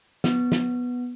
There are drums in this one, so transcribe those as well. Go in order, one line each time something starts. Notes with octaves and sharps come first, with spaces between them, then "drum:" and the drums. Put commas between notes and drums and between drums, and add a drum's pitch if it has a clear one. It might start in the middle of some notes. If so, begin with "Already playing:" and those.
B3, drum: snare
drum: snare